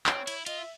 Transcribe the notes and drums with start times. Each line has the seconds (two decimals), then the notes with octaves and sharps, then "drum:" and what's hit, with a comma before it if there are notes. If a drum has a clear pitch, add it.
0.06 C4 C#5, drum: clap
0.27 E4, drum: cymbal
0.46 F4 D#5, drum: cymbal
0.58 E5